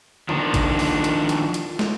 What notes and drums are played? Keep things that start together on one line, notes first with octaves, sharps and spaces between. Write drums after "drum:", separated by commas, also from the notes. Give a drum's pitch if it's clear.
D#3 F3 D4, drum: tom D3
drum: kick G#1, hi-hat
drum: open hi-hat
drum: hi-hat
drum: hi-hat
drum: hi-hat
drum: snare